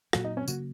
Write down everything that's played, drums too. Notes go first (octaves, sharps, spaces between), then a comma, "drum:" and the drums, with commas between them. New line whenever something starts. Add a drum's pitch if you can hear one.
A#2 F#3 A#3 F#4, drum: rim click
D#4
C#4
C#3 F#3 A#3 F#4, drum: tambourine